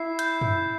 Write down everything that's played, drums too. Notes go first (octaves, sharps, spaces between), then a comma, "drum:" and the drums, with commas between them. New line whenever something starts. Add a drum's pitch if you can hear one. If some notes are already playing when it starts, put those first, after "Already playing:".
Already playing: E4 C7
G6, drum: hi-hat
drum: tom F#2